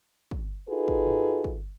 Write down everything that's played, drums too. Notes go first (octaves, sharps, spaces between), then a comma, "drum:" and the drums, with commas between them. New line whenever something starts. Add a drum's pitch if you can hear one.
drum: kick
D#4 F4 F#4 G#4 A4 B4
drum: kick
drum: tom G2
drum: kick